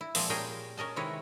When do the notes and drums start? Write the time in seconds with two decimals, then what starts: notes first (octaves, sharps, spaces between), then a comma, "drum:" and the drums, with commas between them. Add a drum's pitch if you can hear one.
0.01 E4
0.15 A#2 F3 G#3 C4 D5, drum: open hi-hat
0.30 A#2 G3 C#4 G#4 A#4 G5
0.77 C#4 A#4 D#5 A5
0.96 C3 D#3 G#3 E4 B4 C#5